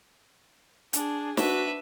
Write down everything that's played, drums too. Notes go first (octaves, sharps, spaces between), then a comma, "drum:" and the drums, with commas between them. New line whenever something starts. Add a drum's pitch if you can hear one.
D4 G#4, drum: hi-hat
D4 F#4 B4 E5, drum: snare